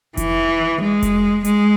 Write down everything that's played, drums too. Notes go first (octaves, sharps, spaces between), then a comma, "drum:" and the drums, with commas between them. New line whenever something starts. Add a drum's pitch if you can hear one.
E3, drum: kick F1, hi-hat
G#3
drum: kick F1, hi-hat
G#3, drum: hi-hat